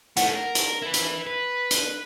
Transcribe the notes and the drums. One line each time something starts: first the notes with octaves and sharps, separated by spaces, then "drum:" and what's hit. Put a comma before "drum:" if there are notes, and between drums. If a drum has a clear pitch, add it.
A3 C#4 F#5, drum: hi-hat
A#4
drum: hi-hat
E4 B4
drum: hi-hat
B4
drum: hi-hat